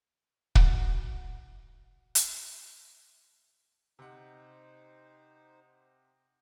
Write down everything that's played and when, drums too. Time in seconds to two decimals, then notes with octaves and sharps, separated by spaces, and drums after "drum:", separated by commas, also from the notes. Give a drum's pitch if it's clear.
0.55 F#4 F#5, drum: kick
2.15 drum: hi-hat
3.99 C3 D#4 C5 F#5